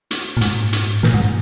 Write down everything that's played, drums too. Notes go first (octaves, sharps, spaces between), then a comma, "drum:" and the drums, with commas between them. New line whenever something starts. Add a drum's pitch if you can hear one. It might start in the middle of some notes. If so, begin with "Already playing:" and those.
drum: hi-hat
A#2
G#2, drum: hi-hat
drum: hi-hat
A#2, drum: snare
G#2